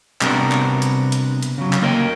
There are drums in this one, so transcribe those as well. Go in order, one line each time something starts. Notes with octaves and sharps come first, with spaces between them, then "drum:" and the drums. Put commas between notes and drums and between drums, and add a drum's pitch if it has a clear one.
C3 G3 B3 D4 F#4 A#4, drum: clap
drum: clap
drum: hi-hat
drum: hi-hat
drum: hi-hat
C#3 F#3
drum: clap
A#3 A#4 C#5 D#5 G5